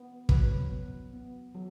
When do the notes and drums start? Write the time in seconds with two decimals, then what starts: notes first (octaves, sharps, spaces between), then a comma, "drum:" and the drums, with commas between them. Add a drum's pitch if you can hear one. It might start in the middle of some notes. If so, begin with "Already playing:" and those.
Already playing: B3
0.29 F#3 B4, drum: kick
0.71 B3
1.13 B3
1.55 F#3